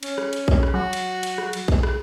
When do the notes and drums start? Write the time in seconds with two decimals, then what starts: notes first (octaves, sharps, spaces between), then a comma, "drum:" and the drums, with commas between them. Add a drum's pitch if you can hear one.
0.03 C#4, drum: cymbal
0.18 drum: rim click
0.33 drum: cymbal
0.48 drum: kick
0.63 drum: rim click
0.74 F#3 F#4
0.93 drum: cymbal
1.23 drum: cymbal
1.38 drum: rim click
1.53 drum: cymbal
1.68 drum: kick
1.83 drum: rim click